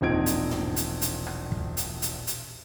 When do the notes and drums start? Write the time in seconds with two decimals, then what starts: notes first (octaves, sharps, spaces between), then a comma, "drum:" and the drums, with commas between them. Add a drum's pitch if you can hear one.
0.01 E1 A#1 C4 D#4 G#6 D7
0.26 drum: hi-hat
0.51 drum: tom
0.76 drum: hi-hat
1.01 drum: hi-hat
1.27 drum: rim click
1.52 drum: kick
1.77 drum: hi-hat
2.02 drum: hi-hat
2.27 drum: hi-hat